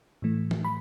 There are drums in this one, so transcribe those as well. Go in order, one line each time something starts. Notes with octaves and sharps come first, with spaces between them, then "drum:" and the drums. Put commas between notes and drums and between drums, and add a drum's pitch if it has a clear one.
A2 E3 A3
drum: tom E3
B5